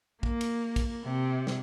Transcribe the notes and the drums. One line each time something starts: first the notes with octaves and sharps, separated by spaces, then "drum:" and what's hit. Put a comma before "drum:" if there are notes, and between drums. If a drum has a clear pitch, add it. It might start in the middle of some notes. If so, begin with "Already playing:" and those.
A#3, drum: kick
drum: cymbal
drum: kick, cymbal
C3
drum: snare